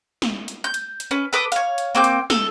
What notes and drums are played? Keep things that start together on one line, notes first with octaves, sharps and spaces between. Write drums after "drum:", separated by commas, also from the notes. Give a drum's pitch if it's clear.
drum: snare
drum: hi-hat
G6
drum: hi-hat
drum: hi-hat
C#4 B4
A4 B4 D6 D#6
C#5 F5, drum: hi-hat
drum: hi-hat
A#3 C4 D6 G6
drum: hi-hat
A4, drum: snare